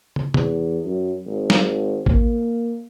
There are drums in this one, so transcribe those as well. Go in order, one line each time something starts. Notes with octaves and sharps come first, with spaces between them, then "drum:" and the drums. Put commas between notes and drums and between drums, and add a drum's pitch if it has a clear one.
drum: tom
E2, drum: tom C3
F#2
G#1
drum: snare
A#3, drum: kick A1